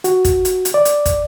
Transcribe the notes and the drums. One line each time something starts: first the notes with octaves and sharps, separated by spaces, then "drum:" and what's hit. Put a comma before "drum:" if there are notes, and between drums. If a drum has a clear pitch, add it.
F#4, drum: hi-hat
drum: kick, hi-hat
drum: hi-hat
drum: hi-hat
D5
drum: hi-hat
drum: kick, hi-hat